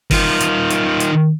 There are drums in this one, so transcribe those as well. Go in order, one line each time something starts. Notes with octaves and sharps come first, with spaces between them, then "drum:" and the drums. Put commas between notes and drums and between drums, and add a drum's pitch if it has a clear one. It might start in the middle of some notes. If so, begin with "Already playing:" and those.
D#3 F4, drum: kick F#1, open hi-hat
drum: hi-hat
drum: hi-hat
drum: hi-hat